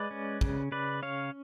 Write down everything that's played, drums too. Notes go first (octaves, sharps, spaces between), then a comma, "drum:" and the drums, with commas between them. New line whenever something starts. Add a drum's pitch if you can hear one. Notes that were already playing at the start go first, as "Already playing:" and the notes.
Already playing: G#3 B4 D5
C#4
C#3, drum: kick
C#3 B4 D5
C#4 C#5 F5